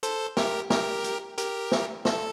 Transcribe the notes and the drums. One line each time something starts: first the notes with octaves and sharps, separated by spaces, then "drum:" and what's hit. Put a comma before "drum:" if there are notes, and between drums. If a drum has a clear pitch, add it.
A4 C5, drum: hi-hat
G4 A#4, drum: snare
G4 A#4, drum: snare
drum: hi-hat
G4 A#4, drum: hi-hat
drum: snare
A4, drum: snare